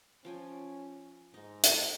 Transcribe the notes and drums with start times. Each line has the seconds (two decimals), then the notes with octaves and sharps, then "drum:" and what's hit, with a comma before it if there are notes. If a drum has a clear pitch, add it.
0.25 F3 C#4 G5 G#5
1.34 G#2 D#4
1.63 drum: hi-hat